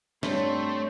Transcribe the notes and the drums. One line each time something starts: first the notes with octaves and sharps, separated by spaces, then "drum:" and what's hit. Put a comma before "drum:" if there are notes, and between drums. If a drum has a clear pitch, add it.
G2 A3 C4 C#5 C6, drum: snare